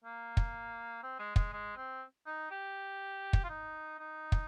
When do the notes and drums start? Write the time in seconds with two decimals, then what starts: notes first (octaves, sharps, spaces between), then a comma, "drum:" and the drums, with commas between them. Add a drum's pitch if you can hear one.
0.04 A#3
0.37 drum: kick
1.03 C4
1.19 G#3
1.36 G#3, drum: kick
1.53 G#3
1.77 C4
2.26 D#4
2.51 G4
3.33 drum: kick
3.44 F4
3.49 D#4
3.99 D#4
4.32 drum: kick